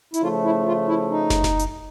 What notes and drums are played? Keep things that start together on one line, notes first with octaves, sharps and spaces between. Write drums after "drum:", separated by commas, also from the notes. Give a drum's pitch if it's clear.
E4, drum: hi-hat
C#3 F3 A3 F4
E4
F4
E4
D#4
drum: snare
drum: snare
drum: hi-hat